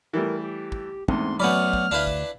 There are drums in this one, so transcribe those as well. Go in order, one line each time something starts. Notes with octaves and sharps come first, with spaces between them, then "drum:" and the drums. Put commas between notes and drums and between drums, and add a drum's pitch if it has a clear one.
E3 G3 A3 A#4
G4
drum: kick
E2 G#2 A3 C4 D4 C6, drum: kick
F#2 F#3 A3 B3 C#4 D5 B5 F6
drum: kick
D2 D4 E4 B4 F5
drum: kick